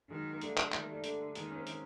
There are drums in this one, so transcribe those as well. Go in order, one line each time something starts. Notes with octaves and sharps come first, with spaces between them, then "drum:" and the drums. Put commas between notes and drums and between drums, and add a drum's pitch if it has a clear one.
D#3 F#3 G#3
A#3
D3 G3 A3, drum: hi-hat
drum: clap
D#3 A3, drum: clap
A#3
G3 A3
D3, drum: hi-hat
D#3 G#3 A#3, drum: hi-hat
C#4
A#3 C4
drum: hi-hat